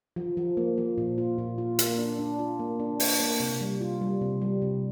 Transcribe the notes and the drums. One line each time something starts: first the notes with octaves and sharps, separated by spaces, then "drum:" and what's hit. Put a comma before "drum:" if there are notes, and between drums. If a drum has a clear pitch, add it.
F3
F3
A#3
F3
A#2
F4
A#2
F4
A#3, drum: hi-hat
D4
D4
F4
A#3
D4
D4, drum: open hi-hat
A#3
C3
G3
F4
G3
C3
G3
C3